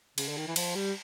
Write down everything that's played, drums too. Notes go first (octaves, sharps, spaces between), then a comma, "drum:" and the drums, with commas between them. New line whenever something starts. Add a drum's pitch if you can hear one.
C#3, drum: cymbal
D3
D#3
E3
F3, drum: cymbal
G3